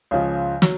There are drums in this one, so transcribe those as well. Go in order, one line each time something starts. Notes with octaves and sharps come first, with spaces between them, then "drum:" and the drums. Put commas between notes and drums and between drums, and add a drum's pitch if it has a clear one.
C#2 C#3 F3
F#3, drum: snare